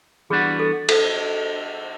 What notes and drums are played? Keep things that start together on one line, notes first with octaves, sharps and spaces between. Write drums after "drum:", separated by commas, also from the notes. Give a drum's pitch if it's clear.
E3 G3 B3 D4 F#4 G#4
A4
A4, drum: cymbal